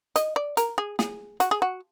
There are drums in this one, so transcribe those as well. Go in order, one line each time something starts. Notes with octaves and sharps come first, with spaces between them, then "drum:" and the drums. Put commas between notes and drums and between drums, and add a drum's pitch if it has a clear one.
D#5, drum: hi-hat
D5
A#4, drum: hi-hat
G#4
G#4, drum: snare
F#4, drum: hi-hat
G#4
F#4